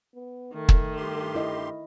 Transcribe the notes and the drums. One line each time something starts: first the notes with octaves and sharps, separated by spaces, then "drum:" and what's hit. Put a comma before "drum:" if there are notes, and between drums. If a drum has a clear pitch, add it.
B3
D#3 A3
drum: kick
G2 G4 C6
E4 D#5 E5